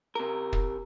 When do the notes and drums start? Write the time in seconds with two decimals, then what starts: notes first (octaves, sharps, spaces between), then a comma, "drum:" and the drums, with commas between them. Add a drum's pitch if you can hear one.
0.15 C3 A#4
0.53 drum: kick